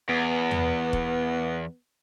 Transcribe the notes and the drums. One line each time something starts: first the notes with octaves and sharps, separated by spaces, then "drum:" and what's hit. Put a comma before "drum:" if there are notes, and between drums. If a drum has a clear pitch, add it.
E2 B3
drum: tom E2
drum: kick